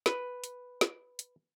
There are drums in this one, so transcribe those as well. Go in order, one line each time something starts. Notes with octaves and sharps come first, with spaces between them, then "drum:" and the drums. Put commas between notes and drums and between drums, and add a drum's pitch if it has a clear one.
B4, drum: snare
drum: hi-hat
drum: snare
drum: hi-hat